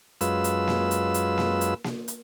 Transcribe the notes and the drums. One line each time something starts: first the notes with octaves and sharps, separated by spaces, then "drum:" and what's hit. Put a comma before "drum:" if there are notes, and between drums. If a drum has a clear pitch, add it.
F#2 G#3 F4 B4 E6, drum: hi-hat
drum: hi-hat
drum: snare A#3
drum: hi-hat
drum: hi-hat
drum: snare A#3
drum: hi-hat
drum: snare A#3
drum: hi-hat